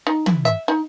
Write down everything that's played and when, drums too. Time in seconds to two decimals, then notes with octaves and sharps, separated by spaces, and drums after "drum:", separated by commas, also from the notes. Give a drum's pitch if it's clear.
0.07 D#4
0.26 E4, drum: tom
0.45 E5
0.68 D#4